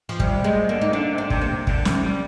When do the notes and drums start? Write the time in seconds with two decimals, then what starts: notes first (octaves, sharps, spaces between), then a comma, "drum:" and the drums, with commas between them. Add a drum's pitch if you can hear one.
0.09 F3
0.19 C3 G3, drum: kick
0.44 C3 G#3
0.68 D3 A#3
0.81 D#4
0.89 C3
0.93 D3 D4
1.11 C3
1.18 D4
1.30 C3, drum: kick
1.41 A#3
1.47 C3
1.67 D3, drum: kick
1.85 C3, drum: snare
2.02 G3